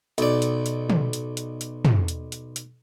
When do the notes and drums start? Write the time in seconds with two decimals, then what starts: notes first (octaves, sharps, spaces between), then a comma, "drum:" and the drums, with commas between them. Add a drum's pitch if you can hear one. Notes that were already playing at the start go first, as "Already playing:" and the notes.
0.18 B1 D5, drum: hi-hat
0.42 drum: hi-hat
0.66 drum: hi-hat
0.89 drum: tom
1.13 drum: hi-hat
1.37 drum: hi-hat
1.61 drum: hi-hat
1.85 drum: tom
2.08 drum: hi-hat
2.32 drum: hi-hat
2.56 drum: hi-hat